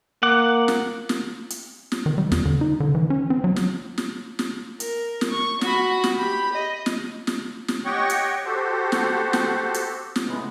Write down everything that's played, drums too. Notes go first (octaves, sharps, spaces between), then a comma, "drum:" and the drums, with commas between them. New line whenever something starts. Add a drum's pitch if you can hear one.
A#3 F#5 D6
drum: snare
drum: snare
drum: hi-hat
drum: snare
D#3
G3
E2, drum: snare
D3
D#4
D3
E3
C#4
C4
F#3
drum: snare
drum: snare
drum: snare
A#4, drum: hi-hat
drum: snare
C#6
F#4 B5, drum: snare
drum: snare
G4 B5
D#5
drum: snare
drum: snare
drum: snare
G4 C#5 D#5 F#5 G5 C#6
drum: hi-hat
F#4 G4 A4 C5
drum: snare
drum: snare
drum: hi-hat
drum: snare
A2 C#3 G#3 B3